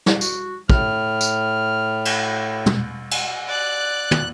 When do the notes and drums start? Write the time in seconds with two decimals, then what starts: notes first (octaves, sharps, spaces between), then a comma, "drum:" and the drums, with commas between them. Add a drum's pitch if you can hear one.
0.06 drum: snare
0.21 F#4, drum: tambourine
0.70 A2 F6, drum: kick
1.21 drum: tambourine
2.05 drum: cymbal
2.66 drum: tom
3.11 drum: cymbal
3.48 D5 F#6
4.11 drum: tom